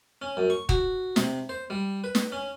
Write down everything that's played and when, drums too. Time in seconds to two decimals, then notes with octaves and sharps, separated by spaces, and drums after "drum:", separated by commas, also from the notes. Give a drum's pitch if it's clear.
0.22 C#4
0.37 F#2
0.50 C#6
0.69 F#4, drum: kick D#1
1.16 C3, drum: snare
1.49 C5
1.70 G3
2.04 B4
2.15 drum: snare
2.32 C#4